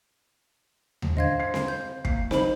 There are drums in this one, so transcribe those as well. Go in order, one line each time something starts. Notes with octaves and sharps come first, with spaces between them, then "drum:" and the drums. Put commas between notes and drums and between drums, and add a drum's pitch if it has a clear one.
drum: tom D#2
D3 C5 D#5 F5 G#6
C7
drum: snare C4
G6
A#3 C7, drum: kick
F#3 D#4 C5 B5, drum: snare C4